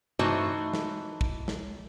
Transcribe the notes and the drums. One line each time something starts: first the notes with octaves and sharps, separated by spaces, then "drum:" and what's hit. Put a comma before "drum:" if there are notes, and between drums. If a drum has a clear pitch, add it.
E3 A3 D#4 F#4 C5 D#5, drum: tom G2
drum: snare
drum: kick
drum: snare